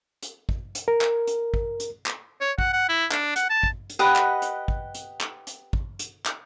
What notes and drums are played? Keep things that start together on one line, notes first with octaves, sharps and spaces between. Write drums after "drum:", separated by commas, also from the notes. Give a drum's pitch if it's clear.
drum: hi-hat
drum: kick
drum: hi-hat
A#4
drum: clap
drum: hi-hat
drum: kick
drum: hi-hat
drum: clap
C#5
F#5, drum: kick
F#5
E4
D4, drum: clap
F#5, drum: hi-hat
A5
drum: kick
drum: hi-hat
G4 B4 D#5 F#5
drum: clap
drum: hi-hat
drum: kick
drum: hi-hat
drum: clap
drum: hi-hat
drum: kick
drum: hi-hat
drum: clap